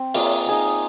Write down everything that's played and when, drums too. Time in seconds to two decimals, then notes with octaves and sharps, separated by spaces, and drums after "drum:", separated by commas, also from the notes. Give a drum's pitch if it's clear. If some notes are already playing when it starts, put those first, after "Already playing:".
Already playing: C4
0.14 A#3 F4 G#4 D#5, drum: open hi-hat
0.46 D#4 G#4 D#5